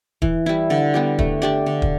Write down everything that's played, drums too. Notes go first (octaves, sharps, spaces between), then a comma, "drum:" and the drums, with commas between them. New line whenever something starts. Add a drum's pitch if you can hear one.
E3, drum: kick
G3 E4
D3
G3 B3 G4
A3, drum: kick
D4 G4 D5
D3
drum: kick